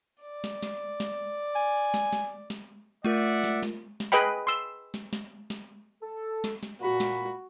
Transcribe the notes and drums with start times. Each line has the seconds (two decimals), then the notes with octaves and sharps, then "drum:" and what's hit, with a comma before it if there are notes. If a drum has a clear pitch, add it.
0.22 D5
0.44 drum: snare
0.63 drum: snare
1.00 drum: snare
1.55 G#5
1.94 drum: snare
2.13 drum: snare
2.50 drum: snare
3.05 A3 F4 A#4 D5 E5 F#5
3.44 drum: snare
3.63 drum: snare
4.00 drum: snare
4.12 G#4 B4 D#5 G5 B5
4.47 C6 E6
4.94 drum: snare
5.13 drum: snare
5.50 drum: snare
6.03 A4
6.44 drum: snare
6.63 drum: snare
6.81 A#2 F#4 B5
7.00 drum: snare